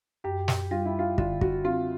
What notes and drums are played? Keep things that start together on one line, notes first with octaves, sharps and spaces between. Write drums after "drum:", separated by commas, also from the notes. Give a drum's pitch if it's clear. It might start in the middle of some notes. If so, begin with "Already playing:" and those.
F#2 G4
drum: snare
G3 F4
E4
F4
D3 F4, drum: kick
F#4, drum: kick
C4 F4